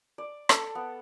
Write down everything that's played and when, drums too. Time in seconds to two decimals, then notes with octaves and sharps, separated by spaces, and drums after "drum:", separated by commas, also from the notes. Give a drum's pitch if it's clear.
0.18 D5
0.49 A4, drum: rim click
0.75 B3